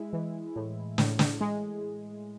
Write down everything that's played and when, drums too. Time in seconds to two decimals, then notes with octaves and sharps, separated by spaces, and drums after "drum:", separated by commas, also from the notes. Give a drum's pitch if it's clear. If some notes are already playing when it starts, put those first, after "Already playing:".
Already playing: G#3 E4
0.13 E3
0.56 A2
0.98 A2, drum: snare
1.19 drum: snare
1.41 G#3